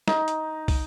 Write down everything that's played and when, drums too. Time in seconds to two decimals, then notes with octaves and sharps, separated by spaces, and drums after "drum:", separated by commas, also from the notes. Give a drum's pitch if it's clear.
0.08 D#4, drum: snare
0.28 drum: hi-hat
0.68 drum: kick, open hi-hat